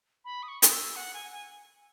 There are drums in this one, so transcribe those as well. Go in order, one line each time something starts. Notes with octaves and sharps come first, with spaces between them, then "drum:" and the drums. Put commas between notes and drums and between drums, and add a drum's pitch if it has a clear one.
B5
D#6
C#6
D#6, drum: hi-hat
E6
F#5
G#5
G#5